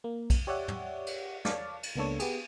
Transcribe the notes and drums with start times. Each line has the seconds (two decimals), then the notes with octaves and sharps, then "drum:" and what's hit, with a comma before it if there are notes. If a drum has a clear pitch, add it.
0.04 A#3
0.30 drum: kick B1, cymbal
0.47 G4 C#5 D5 E5 F#5
0.68 drum: tom
1.06 drum: cymbal
1.45 C#5 D5 F5 A5, drum: snare
1.83 drum: cymbal
1.96 C#2 A#3 B3 D4 A4 C#5
2.19 B3 G4 G#4, drum: cymbal